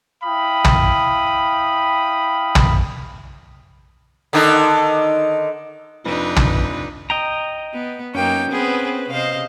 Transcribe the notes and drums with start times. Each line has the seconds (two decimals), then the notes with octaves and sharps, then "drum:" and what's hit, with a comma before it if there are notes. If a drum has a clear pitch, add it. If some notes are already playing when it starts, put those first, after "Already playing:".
0.24 E4 F5 G5 B5 D#6
0.64 drum: tom
2.55 drum: tom
4.33 D3 D#3 D#4
6.05 F1 F2 D4 D#4 B4
6.36 drum: tom
7.10 D#5 G5 A#5
7.73 B3
8.15 F#2 A#3 C#4 D#4 G5
8.51 B3 C4 G#4 B4
9.10 C3 C5 D#5 F5